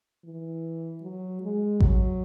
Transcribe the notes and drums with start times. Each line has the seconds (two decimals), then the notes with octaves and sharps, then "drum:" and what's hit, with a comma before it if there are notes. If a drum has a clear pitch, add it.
0.24 E3
1.02 F#3
1.42 G#3
1.80 F#3, drum: kick A1